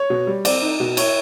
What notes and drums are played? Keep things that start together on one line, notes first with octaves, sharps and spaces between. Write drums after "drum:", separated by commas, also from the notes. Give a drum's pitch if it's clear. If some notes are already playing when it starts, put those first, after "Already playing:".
Already playing: C#5
B2
G3
C4 D5, drum: cymbal
D#4
B2
E4 C#5, drum: cymbal